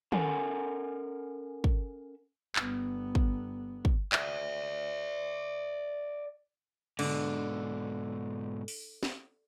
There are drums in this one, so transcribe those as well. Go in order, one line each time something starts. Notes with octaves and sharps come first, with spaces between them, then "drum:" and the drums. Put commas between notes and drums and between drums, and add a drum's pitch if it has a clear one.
C#4 A4 A#4 F#5 G#5 A5, drum: tom
drum: kick
G1 B3, drum: clap
drum: kick
drum: kick
D5 E5, drum: clap
G#2 B2 D3, drum: cymbal
drum: open hi-hat
drum: snare